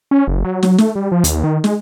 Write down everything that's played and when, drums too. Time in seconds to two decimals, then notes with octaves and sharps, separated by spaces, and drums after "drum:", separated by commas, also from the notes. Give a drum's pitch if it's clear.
0.11 C#4
0.28 F#1
0.45 F#3
0.63 F#3, drum: snare
0.78 A3, drum: snare
0.95 G3
1.12 F3
1.24 D#2, drum: hi-hat
1.44 D#3
1.64 G#3, drum: snare